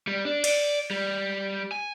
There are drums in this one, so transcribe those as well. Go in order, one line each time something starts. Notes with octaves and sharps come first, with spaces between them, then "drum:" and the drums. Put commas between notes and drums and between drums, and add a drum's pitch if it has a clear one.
G3
D4
D5, drum: cymbal
G3
G#5